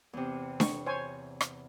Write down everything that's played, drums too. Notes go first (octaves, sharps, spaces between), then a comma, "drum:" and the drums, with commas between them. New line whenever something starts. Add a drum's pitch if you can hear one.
E2 C3
C#6, drum: snare D4
C5 C#5 G#5
drum: rim click